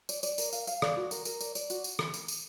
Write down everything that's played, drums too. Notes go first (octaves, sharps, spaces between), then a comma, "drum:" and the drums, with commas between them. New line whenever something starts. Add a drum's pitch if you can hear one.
D5, drum: tambourine
D5, drum: tambourine
A#4, drum: tambourine
F5, drum: tambourine
F5, drum: tambourine
D5, drum: rim click
F#4
A#4, drum: tambourine
A#4, drum: tambourine
D5, drum: tambourine
D5, drum: tambourine
F#4, drum: tambourine
drum: tambourine
drum: rim click
drum: tambourine
drum: tambourine